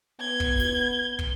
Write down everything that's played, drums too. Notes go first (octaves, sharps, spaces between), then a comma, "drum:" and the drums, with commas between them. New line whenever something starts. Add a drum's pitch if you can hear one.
B3 G#6 G7
drum: kick
drum: snare
drum: kick